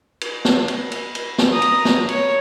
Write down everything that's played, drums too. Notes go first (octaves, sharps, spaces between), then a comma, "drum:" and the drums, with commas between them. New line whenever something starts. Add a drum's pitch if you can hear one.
drum: cymbal
drum: snare
drum: cymbal
drum: cymbal
drum: cymbal
drum: snare
A#5 D#6
drum: cymbal
drum: snare
C#5, drum: cymbal